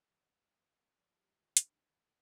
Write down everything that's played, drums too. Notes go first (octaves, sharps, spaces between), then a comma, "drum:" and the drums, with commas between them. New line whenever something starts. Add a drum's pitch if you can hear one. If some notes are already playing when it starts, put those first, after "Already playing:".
Already playing: C4
D#3
D#5
G#3
F5
F3 G5
F5
C4
F3 D5
F4
G#3 G4
D#3 F4
D4, drum: hi-hat
C4
D#4
D#3